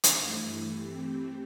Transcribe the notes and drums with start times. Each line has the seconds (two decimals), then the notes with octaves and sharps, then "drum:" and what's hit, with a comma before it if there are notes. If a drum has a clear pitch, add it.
0.04 drum: hi-hat
0.19 G2 E3 A3 E4
0.75 E3 A3 C4 G4